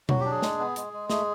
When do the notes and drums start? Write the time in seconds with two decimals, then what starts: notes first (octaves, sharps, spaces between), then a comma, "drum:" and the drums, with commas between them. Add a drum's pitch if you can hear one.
0.09 F#3 F#4, drum: tom B2
0.20 G4
0.25 D4
0.31 G#4
0.42 G#3, drum: snare
0.59 B3
0.76 G#3, drum: hi-hat
0.93 G#3
1.10 A3 G#4, drum: snare